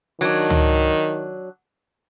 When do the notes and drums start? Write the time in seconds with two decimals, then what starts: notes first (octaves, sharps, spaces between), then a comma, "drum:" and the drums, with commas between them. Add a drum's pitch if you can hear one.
0.21 D#3 F#3 D4
0.50 drum: tom C#2